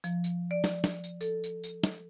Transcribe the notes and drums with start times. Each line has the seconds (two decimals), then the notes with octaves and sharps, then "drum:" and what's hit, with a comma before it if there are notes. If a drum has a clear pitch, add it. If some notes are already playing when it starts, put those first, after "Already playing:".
0.04 F3, drum: tambourine
0.24 drum: tambourine
0.51 D5
0.64 drum: snare
0.84 drum: snare
1.04 drum: tambourine
1.21 A4, drum: tambourine
1.44 drum: tambourine
1.64 drum: tambourine
1.84 drum: snare